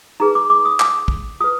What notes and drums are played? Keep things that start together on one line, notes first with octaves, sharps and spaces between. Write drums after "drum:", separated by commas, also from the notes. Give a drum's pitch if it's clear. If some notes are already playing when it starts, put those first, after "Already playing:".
D#4 G#4 B4 A#5
D6
D6
D#6
D6, drum: clap
drum: kick
F4 B4 D#6